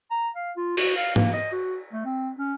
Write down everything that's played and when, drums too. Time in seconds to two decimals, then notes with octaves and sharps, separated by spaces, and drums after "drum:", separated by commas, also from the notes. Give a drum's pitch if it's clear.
0.11 A#5
0.36 F5
0.57 F4
0.77 F#4, drum: cymbal
0.96 F5
1.16 A#3, drum: tom
1.34 D#5
1.52 F#4
1.93 A3
2.05 C4
2.39 C#4